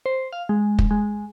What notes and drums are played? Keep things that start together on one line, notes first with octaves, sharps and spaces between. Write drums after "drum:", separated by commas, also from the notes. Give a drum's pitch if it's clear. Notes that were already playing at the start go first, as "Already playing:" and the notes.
C5
F5
G#3
drum: kick
G#3